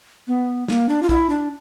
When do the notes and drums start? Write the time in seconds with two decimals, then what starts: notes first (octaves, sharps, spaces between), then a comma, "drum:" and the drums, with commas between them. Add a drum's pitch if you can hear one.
0.28 B3
0.68 A#3, drum: snare
0.89 D4
1.03 F4
1.09 E4, drum: kick
1.30 D4